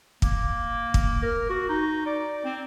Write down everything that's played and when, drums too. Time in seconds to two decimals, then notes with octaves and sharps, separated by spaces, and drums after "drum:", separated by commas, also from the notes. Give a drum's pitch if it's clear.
0.22 A#3, drum: kick
0.94 drum: kick
1.23 A#4
1.49 F#4
1.69 D#4
2.06 D5
2.44 C4